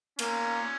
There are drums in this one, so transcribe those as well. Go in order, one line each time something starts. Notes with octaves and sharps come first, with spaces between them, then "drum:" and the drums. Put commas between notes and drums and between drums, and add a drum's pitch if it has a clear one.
A#3 C#4, drum: cymbal